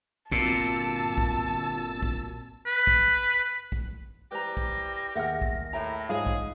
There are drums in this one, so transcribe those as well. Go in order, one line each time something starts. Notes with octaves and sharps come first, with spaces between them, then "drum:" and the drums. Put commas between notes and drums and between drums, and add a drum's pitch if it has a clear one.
G1 A#2 C4 F4 F#4 A5 E6 A6, drum: kick
drum: kick
drum: kick
B4
drum: kick
drum: kick
E3 G3 G4 B4 C5 A#5 A#6
drum: kick
D#2 G#4 E5 F#5 G5 F6
drum: kick
A2 E5 G5 A#5
G#2 F4 G#4 C5 C#5 F5
drum: kick